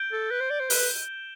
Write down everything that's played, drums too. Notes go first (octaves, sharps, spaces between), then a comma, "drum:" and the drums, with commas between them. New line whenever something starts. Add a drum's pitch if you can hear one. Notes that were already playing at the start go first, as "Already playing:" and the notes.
Already playing: G6 D7 G7
A4
B4
C5
D5
C5
B4 E7 G7, drum: open hi-hat